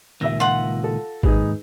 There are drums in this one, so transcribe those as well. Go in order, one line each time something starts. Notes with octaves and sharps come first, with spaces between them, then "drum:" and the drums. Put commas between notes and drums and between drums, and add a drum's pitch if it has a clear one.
C#2 A#2 D#3 E5 E6 A#6
F4 F#5
A4
D#2 G#2 D#4 G#4 B4, drum: kick G#1